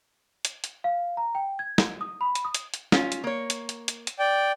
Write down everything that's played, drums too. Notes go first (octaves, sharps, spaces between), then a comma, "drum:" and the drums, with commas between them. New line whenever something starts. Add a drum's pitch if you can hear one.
drum: hi-hat
drum: hi-hat
F5
A#5
G5
G#6
drum: snare
D#6
B5
drum: hi-hat
D#6
drum: hi-hat
drum: hi-hat
C#4 F4, drum: snare
drum: hi-hat
A#3 C#5
drum: hi-hat
drum: hi-hat
drum: hi-hat
drum: hi-hat
D5 G5